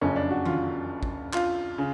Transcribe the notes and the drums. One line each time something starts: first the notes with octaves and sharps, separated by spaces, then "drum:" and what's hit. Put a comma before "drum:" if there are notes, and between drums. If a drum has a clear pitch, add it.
F#1 F2 C#3 C#4
D4
F#4
F4, drum: tom D#3
drum: kick
F4, drum: clap
C#3